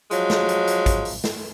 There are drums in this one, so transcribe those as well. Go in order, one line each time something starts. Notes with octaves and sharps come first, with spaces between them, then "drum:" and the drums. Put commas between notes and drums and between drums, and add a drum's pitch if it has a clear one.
F3 F#3 G#3, drum: hi-hat
drum: snare
drum: hi-hat
drum: hi-hat
drum: kick, hi-hat
drum: open hi-hat
drum: snare